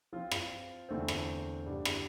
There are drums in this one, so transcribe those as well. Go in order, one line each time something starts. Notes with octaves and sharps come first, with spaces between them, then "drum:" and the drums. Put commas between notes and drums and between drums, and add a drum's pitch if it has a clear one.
F3 C4 F4
drum: rim click
E2 D3 A3 C4
drum: rim click
G2 D3 G3 D4
drum: rim click